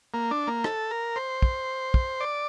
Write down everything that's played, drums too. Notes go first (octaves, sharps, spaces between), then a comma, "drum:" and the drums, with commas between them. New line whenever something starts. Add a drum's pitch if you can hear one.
A#3
D4
A#3
A4, drum: rim click
A#4
C5
drum: kick
drum: kick
D5